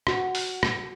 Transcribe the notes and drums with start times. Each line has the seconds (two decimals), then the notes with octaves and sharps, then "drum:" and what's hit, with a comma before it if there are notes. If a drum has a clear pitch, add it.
0.07 F#4, drum: rim click
0.35 drum: open hi-hat
0.63 drum: rim click